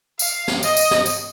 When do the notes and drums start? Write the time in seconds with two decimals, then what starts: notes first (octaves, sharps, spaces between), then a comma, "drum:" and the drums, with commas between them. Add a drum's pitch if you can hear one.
0.19 F5, drum: tambourine
0.48 drum: snare
0.63 D#5, drum: tambourine
0.77 drum: tambourine
0.91 drum: snare
1.06 drum: tambourine